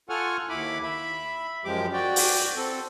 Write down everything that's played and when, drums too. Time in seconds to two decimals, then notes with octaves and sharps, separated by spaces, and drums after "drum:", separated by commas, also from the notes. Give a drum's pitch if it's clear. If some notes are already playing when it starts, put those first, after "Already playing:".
0.09 F4 A4 F#5 G#5 C#6 F6
0.49 D#2 E4 B5 D6
0.83 E5 B5
1.65 F#2 F3 G#3 G4 D6
1.93 F#4 D5 G5
2.16 drum: open hi-hat
2.56 C4 A4